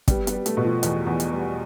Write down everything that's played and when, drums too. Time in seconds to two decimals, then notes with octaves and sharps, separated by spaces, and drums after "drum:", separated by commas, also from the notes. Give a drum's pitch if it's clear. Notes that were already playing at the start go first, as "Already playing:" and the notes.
0.08 G3 B3, drum: kick, hi-hat
0.27 B3, drum: hi-hat
0.32 G3
0.46 A3, drum: hi-hat
0.57 B2
0.64 F3
0.83 E2, drum: hi-hat
1.07 E2
1.20 drum: hi-hat
1.32 G3